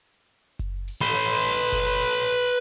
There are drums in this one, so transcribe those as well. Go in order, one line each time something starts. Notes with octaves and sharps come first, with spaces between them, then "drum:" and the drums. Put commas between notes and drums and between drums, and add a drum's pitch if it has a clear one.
drum: kick F#1, hi-hat
drum: open hi-hat
B4 C6
drum: hi-hat
drum: kick F#1, hi-hat
drum: open hi-hat